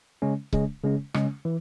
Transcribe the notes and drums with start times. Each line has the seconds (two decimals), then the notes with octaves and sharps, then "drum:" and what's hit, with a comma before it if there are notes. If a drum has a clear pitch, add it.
0.22 C#3 G#3 C#4
0.53 C#3 G#3 C#4, drum: kick C#1
0.84 C#3 G#3 C#4
1.14 C#3 G#3 C#4, drum: rim click
1.45 E3